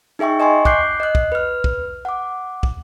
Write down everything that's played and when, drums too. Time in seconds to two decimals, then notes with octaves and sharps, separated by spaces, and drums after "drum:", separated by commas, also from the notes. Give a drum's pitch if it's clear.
0.19 D#4 G#4 E5 G5 C#6
0.40 D#5 G#5 C6 C#6
0.65 D6 F#6 G6 C7, drum: kick
1.00 D#5 F#6
1.15 drum: kick
1.32 B4 F6
1.64 drum: kick
2.05 F#5 D6
2.63 drum: kick